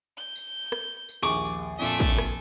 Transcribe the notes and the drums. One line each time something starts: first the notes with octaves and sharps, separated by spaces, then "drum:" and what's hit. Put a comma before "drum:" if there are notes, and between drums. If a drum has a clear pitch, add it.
G6
drum: tambourine
drum: rim click
drum: tambourine
A#1 D#2 G#4 C#6 D6
drum: tambourine
F2 A#2 A3 D4 A4 E5 G#5
drum: kick
drum: rim click